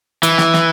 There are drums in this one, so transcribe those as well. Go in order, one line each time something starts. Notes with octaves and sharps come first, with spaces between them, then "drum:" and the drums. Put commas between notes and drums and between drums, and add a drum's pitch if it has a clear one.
E3, drum: hi-hat
drum: snare
drum: snare